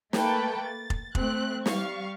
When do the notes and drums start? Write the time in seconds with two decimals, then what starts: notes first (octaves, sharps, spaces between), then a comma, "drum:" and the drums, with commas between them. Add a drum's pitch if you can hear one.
0.13 A3 A#3 A4 B4 G5 A5, drum: snare
0.61 A6
0.90 drum: kick F1
1.15 A3 C4 F#6, drum: kick F1
1.66 G3 F5 C#6, drum: snare